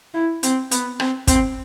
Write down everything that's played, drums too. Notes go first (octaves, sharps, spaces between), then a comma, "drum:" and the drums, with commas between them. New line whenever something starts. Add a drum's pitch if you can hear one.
E4
C4, drum: hi-hat
B3, drum: hi-hat
C4, drum: rim click
C4, drum: kick, hi-hat